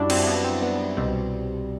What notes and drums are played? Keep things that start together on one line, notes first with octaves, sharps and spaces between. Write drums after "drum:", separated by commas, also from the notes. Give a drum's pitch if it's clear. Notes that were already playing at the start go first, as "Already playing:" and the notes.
Already playing: F#2 G3 D4 E4 F#4
C4, drum: cymbal
B3
C4
B3
C2 B2 G3 C4